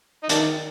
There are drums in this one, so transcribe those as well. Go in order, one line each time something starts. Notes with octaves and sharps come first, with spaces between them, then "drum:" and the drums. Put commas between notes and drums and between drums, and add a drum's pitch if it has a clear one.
D#4
D#3 D4, drum: hi-hat